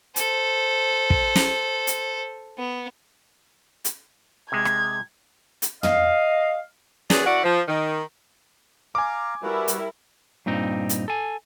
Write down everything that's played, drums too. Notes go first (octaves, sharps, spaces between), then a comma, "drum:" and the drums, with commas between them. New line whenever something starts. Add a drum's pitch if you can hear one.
A4 C5, drum: hi-hat
drum: kick
drum: snare
drum: hi-hat
B3
drum: hi-hat
C3 G#3 G#6
drum: rim click
drum: hi-hat
D#5 F5, drum: tom
D#2 F#3 G#4 B4 D5, drum: snare
F#2 E4 F#4 D5 F#5
F3
D#3
F5 G#5 A#5 D6
G3 E4 F#4 A#4 B4
drum: hi-hat
G2 A#2 C4 D#4
drum: hi-hat
A4 G#5